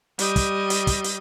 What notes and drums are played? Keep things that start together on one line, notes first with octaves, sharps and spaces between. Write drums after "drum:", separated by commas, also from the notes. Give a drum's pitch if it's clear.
G3 D#5, drum: hi-hat
drum: kick, hi-hat
drum: hi-hat
drum: kick, hi-hat
drum: hi-hat